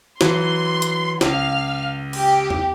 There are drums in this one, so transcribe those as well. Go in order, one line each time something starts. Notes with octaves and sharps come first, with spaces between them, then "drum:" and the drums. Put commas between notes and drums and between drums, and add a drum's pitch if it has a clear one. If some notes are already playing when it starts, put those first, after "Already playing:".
E3 F#3 C6, drum: snare
drum: hi-hat
C#2 F5 F6, drum: snare
G4, drum: cymbal
drum: tom